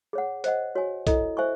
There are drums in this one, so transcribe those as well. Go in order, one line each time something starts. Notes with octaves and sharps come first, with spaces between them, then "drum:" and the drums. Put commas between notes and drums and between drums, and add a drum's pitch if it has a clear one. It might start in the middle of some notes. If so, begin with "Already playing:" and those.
G#4 C#5 F#5
C5 D#5 F#5, drum: hi-hat
F#4 C#5 G#5
E4 A4 D#5, drum: kick, hi-hat
C5 E5 G#5 C#6